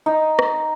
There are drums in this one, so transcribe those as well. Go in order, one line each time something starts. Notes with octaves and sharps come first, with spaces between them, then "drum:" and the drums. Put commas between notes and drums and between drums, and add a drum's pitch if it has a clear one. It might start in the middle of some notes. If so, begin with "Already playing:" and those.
D#4
drum: rim click